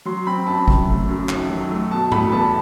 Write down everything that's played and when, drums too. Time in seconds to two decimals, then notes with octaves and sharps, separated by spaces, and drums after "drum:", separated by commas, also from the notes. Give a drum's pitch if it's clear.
0.05 F#3 C6
0.27 C4 B5
0.47 F#2 A5
0.68 F#3, drum: kick
0.89 A3
1.09 F#2
1.29 D#3, drum: clap
1.50 F#3
1.71 A3
1.91 B2 A5
2.12 A3 B5, drum: tom G#2
2.32 E2 A5